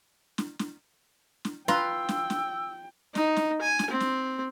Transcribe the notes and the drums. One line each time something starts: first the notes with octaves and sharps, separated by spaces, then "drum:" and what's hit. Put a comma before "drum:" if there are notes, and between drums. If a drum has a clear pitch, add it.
drum: snare
drum: snare
drum: snare
F4 B4 G5 A#5 C6 E6, drum: snare
drum: snare
drum: snare
D#4, drum: snare
drum: snare
G#5
drum: snare
C4
drum: snare